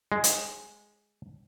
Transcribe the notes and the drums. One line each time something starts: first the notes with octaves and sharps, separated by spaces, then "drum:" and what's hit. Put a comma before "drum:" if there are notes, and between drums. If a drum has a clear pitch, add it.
G#3
drum: hi-hat